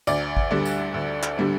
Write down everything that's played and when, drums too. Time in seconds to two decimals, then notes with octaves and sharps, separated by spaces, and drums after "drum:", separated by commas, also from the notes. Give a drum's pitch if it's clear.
0.07 D2 D5, drum: tambourine
0.37 drum: kick G#1
0.51 D3 G3 D4
0.65 drum: tambourine
0.94 D2
1.23 drum: clap
1.38 D3 G3 D4